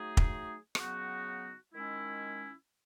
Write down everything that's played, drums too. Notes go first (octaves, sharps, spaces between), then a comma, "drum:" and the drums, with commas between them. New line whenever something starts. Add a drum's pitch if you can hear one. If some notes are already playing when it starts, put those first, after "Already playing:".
Already playing: F#3 A3 D#4 G#4
drum: kick
C#3 F#3 B3 D#4 F#4, drum: rim click
D#3 G#3 C#4 E4